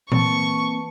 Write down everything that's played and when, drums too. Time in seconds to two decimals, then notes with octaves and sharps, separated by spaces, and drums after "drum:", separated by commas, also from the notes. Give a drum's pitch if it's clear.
0.12 E3 A#3 C4 A5 C#6, drum: tom A#2